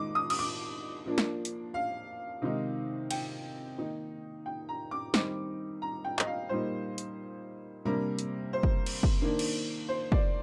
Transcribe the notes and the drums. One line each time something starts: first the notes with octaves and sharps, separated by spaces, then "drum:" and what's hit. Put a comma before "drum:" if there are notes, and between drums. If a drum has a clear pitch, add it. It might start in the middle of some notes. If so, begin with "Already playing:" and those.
Already playing: D#3 G#3 D#4 D6
D#6
D#6, drum: cymbal
D6
F3 A#3 D4
drum: snare
drum: hi-hat
F5
C3 D#3 G#3 D#4
G5, drum: cymbal
D#3 A#3 D#4
G5
A#5
D6
D#3 G3 C4 D#4 D6, drum: snare
A#5
G5
D#5, drum: clap
F5
A#2 G3 A#3 D#4 C5
drum: hi-hat
C3 G3 A#3 D4 A#4
drum: hi-hat
C5
drum: kick
drum: cymbal
drum: kick
D#3 A#3 D4
drum: cymbal
C5
D5, drum: kick